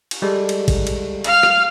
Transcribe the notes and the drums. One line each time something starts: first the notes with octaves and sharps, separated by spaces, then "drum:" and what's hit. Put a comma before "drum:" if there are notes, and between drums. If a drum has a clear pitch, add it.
drum: cymbal
G3 G#3 A4
drum: cymbal
drum: kick, cymbal
drum: cymbal
F5 F6, drum: cymbal
drum: rim click